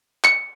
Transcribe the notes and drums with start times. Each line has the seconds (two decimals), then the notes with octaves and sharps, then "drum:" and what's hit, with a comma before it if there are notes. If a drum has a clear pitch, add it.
0.24 C#7, drum: clap